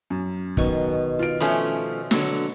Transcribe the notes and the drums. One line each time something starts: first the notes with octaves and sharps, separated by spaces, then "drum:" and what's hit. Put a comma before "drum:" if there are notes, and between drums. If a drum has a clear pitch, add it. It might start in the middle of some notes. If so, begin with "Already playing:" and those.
F#2
B2 D#3 C#6, drum: kick
F4 D7
F3 A3 C#4, drum: hi-hat
D3 F#3, drum: snare